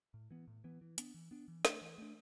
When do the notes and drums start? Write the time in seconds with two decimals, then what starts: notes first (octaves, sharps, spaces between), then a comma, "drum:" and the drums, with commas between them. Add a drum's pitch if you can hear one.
0.14 A2
0.31 E3 B3
0.48 A2
0.64 E3 B3
0.81 E3
0.98 B3 D4, drum: hi-hat
1.14 E3
1.31 B3 D4
1.48 E3
1.65 A3 D4, drum: snare
1.81 E3
1.98 A3 D4